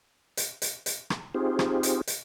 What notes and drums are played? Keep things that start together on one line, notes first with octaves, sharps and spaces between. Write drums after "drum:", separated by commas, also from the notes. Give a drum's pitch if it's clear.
drum: hi-hat
drum: hi-hat
drum: hi-hat
drum: rim click
C4 D#4 F4 G4 G#4 C5
drum: rim click
drum: hi-hat
drum: hi-hat